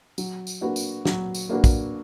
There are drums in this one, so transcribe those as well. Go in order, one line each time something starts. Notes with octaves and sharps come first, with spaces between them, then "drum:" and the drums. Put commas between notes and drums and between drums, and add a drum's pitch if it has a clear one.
F#3, drum: tambourine
drum: tambourine
A#3 D4 F#4 B4
drum: tambourine
F#3, drum: snare
drum: tambourine
A#3 D4 F#4 B4
drum: kick, tambourine